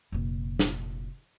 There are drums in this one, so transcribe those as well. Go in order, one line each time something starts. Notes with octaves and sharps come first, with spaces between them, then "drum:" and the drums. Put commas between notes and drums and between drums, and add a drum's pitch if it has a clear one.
F1 A#2
drum: snare